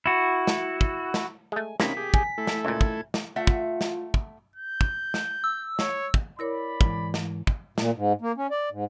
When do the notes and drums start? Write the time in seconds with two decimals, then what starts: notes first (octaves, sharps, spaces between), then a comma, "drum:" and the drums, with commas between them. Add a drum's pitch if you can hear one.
0.06 E4 F#4
0.47 drum: snare
0.81 drum: kick
1.14 drum: snare
1.52 G#3 A3 G#5
1.80 C3 A#3 C#4 D#4 G5 B5 B6, drum: snare
1.97 G4 G#4
2.14 G#5, drum: kick
2.38 A3 E4 A4
2.47 drum: snare
2.65 C#2 A#2 E5 G#6
2.81 drum: kick
3.14 drum: snare
3.36 A3 F4 E5 F#5
3.47 drum: kick
3.81 drum: snare
4.14 drum: kick
4.56 G6
4.81 drum: kick
5.14 drum: snare
5.44 E6
5.79 C#5, drum: snare
6.14 drum: kick
6.39 E4 A#4 C#5 D5 B5
6.81 G#2 E3, drum: kick
7.14 drum: snare
7.47 drum: kick
7.78 A#2, drum: snare
7.96 G#2
8.21 A#3
8.37 C#4
8.51 D5
8.71 G#2